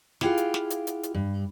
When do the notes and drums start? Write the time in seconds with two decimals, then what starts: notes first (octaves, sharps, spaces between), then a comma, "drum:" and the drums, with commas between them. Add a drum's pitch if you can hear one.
0.21 E4 F4 G4 G#4 F5 F#5, drum: snare
0.38 drum: hi-hat
0.54 drum: snare
0.70 drum: hi-hat
0.87 drum: hi-hat
1.03 drum: hi-hat
1.14 G2